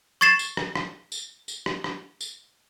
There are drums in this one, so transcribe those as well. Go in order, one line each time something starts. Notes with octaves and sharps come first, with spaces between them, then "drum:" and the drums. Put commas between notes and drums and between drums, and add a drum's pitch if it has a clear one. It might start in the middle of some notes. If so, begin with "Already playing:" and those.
C#6 G#6 A6 C7 E7
drum: tambourine
drum: rim click
drum: rim click
drum: tambourine
drum: tambourine
drum: rim click
drum: rim click
drum: tambourine